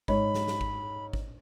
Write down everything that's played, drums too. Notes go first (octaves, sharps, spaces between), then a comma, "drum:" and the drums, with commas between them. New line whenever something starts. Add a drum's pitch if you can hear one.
G#2 C#5 B5, drum: kick G#1
drum: snare
drum: snare
drum: kick G#1
drum: kick G#1